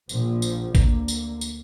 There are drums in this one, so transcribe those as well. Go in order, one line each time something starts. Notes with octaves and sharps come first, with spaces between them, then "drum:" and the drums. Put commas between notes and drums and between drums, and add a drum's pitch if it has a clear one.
A#1 A#2 F3, drum: tambourine
drum: tambourine
D2 D3 A#3, drum: kick, tambourine
drum: tambourine
drum: tambourine